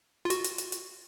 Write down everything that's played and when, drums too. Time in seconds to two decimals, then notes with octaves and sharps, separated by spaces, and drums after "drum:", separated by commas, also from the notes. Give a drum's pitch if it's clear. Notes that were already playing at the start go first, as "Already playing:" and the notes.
0.25 F4
0.30 F#4, drum: hi-hat
0.44 drum: hi-hat
0.58 drum: hi-hat
0.72 drum: hi-hat